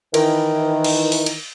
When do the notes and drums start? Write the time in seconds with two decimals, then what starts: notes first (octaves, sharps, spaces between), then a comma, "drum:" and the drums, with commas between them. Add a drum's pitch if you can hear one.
0.14 D#3 E3, drum: cymbal
0.84 drum: cymbal
1.12 drum: open hi-hat
1.26 drum: cymbal